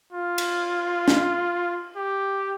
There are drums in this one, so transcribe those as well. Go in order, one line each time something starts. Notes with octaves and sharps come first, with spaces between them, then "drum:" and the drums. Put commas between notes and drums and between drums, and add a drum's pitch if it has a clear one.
F4
drum: cymbal
drum: snare
G4